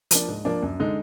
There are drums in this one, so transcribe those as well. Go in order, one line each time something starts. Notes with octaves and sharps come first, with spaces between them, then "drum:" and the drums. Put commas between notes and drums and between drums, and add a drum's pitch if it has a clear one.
F3 A#3 D4, drum: hi-hat
G#2
F3 A#3 D4
F#2
D3 G#3 D#4